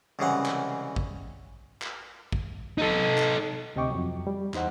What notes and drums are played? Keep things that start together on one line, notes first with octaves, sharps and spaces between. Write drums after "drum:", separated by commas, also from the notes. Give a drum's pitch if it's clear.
C2 C#3 E3 G#3 F5 F#5
drum: clap
drum: kick A1
drum: clap
drum: kick A1
D#4 A4
drum: clap
D2 C3 D#5 G5 C#6 D6
F2 F#3
G3
E2 D#4 C5 F#5, drum: clap